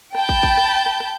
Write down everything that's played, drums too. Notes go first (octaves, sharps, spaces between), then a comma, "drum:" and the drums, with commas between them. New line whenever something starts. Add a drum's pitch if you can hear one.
G5 A5 B5 G6, drum: rim click
drum: kick
drum: kick
drum: rim click
drum: rim click
drum: rim click